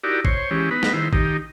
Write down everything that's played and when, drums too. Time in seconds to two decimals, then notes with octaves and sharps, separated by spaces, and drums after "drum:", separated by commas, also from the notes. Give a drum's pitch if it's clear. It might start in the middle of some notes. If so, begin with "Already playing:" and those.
0.04 D#4 E4 F#4 G4 A#4 D5
0.25 C5 C#5, drum: kick
0.51 E3 G#3 C#4 G4
0.71 B3 D#4 B4
0.83 drum: snare
0.94 D#3 E4 C5
1.13 D#3 D#4 G4, drum: kick